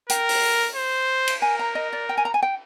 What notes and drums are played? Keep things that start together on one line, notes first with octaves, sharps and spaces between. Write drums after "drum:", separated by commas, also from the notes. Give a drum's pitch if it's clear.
A#4 G5, drum: hi-hat
drum: open hi-hat
C5
drum: cymbal
A#4 G#5
A#5
D#5
D5
G5
G#5
A#5
G#5
G5